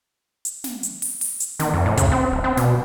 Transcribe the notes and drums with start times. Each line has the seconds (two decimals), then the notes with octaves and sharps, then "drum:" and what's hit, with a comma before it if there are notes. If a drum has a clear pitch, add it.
0.45 drum: hi-hat
0.64 drum: snare
0.83 drum: hi-hat
1.02 drum: open hi-hat
1.21 drum: open hi-hat
1.40 drum: hi-hat
1.59 D#3, drum: snare
1.74 F2
1.86 A2
1.97 C#3, drum: kick, hi-hat
2.12 C4
2.32 D1
2.44 C4
2.57 B2, drum: snare